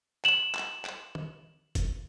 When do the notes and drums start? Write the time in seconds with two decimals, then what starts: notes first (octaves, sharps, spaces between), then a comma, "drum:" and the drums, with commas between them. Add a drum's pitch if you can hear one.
0.25 E7 F#7, drum: clap
0.55 drum: clap
0.85 drum: clap
1.15 drum: tom D#3
1.75 drum: kick, hi-hat